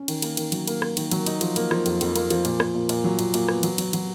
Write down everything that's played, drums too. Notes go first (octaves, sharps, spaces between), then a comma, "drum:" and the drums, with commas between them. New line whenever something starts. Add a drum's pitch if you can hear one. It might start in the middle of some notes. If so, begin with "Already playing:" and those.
Already playing: C#4
D#3, drum: cymbal
A#3, drum: cymbal
D#3, drum: cymbal
F#3, drum: cymbal
A#3, drum: cymbal
A#3, drum: rim click
D#3, drum: cymbal
F#3, drum: cymbal
D#4, drum: cymbal
F3, drum: cymbal
A#3, drum: cymbal
F3, drum: rim click
F2, drum: cymbal
F2, drum: cymbal
A#3, drum: cymbal
F3, drum: cymbal
A#2, drum: cymbal
A#2, drum: rim click
A#2
A#2, drum: cymbal
F#3
A#2, drum: cymbal
A#2, drum: cymbal
B3, drum: rim click
F#3, drum: cymbal
F#3, drum: cymbal
F#3, drum: cymbal